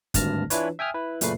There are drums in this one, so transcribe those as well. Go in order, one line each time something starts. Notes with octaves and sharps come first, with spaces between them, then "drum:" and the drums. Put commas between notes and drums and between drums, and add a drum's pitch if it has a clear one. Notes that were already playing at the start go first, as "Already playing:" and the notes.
G#1 D2 G2 A5 F6 A#6, drum: kick, hi-hat
E3 D4 E4 F4 B4 C#5, drum: hi-hat
E5 G5 G#5 D#6 F6
E4 B4
F#2 A#2 C#3 A3 B4 C7, drum: hi-hat